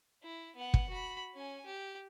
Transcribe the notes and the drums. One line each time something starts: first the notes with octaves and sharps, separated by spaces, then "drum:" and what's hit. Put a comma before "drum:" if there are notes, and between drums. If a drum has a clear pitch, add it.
E4
B3 F#5
drum: kick
F#4 B5
C#4 G#5
G4